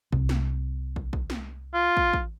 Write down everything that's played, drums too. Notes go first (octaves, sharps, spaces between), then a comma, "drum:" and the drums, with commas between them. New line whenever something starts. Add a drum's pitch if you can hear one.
C2, drum: kick
drum: snare
drum: kick
drum: kick
drum: snare
F4
drum: kick
drum: kick